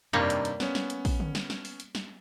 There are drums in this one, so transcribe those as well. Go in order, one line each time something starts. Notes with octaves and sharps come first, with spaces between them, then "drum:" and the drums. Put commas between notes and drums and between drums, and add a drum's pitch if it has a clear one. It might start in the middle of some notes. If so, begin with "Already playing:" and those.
G2 C3 G3 A#3 D#4 C#5, drum: tom F2
drum: hi-hat
drum: hi-hat
B3 C#4, drum: snare
drum: snare
drum: hi-hat
drum: kick A#1, open hi-hat
drum: tom D3
drum: snare
drum: snare
drum: open hi-hat
drum: hi-hat
drum: snare